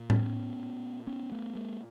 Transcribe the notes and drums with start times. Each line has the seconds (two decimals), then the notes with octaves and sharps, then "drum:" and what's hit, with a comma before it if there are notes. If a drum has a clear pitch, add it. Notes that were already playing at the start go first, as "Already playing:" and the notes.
Already playing: A#2
0.10 B3 C#4, drum: tom A2
1.07 B3 C#4
1.32 A3 B3
1.55 G#3 A#3